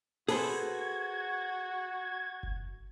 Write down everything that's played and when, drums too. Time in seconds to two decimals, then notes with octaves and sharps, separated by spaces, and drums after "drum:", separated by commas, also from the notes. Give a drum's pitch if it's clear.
0.28 F#4 G#4 A4 B4 C5 G#6, drum: open hi-hat
2.43 drum: kick F#1